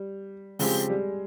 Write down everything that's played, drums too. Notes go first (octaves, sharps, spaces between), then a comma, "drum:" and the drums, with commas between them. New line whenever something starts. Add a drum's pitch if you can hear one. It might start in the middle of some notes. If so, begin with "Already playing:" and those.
Already playing: G3
C#3 F3 G#3 C4 G4, drum: open hi-hat
G3